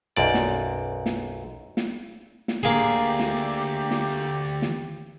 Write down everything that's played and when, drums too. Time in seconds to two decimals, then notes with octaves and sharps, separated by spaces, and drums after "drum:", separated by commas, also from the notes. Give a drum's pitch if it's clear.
0.17 B1 F#2 D5
0.34 drum: snare
1.06 drum: snare
1.77 drum: snare
2.48 drum: snare
2.63 D2 D3 A#3 G4 G#4
3.20 drum: snare
3.91 drum: snare
4.62 drum: snare